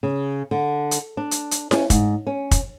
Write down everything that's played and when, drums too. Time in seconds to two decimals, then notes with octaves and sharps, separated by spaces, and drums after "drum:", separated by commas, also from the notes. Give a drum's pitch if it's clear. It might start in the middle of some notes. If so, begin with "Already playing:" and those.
0.03 C#3
0.51 D3
0.91 drum: hi-hat
1.17 D4
1.31 drum: hi-hat
1.51 drum: hi-hat
1.71 C#4, drum: snare E4
1.90 G#2, drum: kick, hi-hat
2.27 C#4
2.51 drum: kick, hi-hat